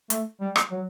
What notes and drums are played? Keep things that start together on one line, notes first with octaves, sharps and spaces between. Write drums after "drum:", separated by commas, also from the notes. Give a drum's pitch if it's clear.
A3, drum: hi-hat
G3
drum: rim click
F#3